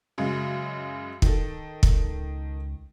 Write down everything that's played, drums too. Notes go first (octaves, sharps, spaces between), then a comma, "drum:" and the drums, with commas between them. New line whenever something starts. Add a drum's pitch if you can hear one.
F#2 C#3 G#3
D#3 A4, drum: kick
C#2, drum: kick